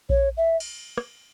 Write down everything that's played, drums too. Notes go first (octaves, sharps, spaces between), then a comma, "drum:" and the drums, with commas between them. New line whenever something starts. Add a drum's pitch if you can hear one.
C#5, drum: kick A#1
E5
drum: cymbal
drum: rim click